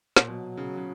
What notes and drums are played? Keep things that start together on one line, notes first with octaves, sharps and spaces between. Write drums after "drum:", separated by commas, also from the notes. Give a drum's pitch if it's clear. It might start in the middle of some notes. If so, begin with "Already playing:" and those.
A#2, drum: snare
B2 F#3
C#3
C#3